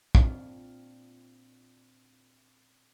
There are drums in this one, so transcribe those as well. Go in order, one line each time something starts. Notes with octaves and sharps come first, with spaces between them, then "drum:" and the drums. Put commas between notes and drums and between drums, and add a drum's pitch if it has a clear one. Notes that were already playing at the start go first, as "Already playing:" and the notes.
A#2 C4 D4 F5, drum: kick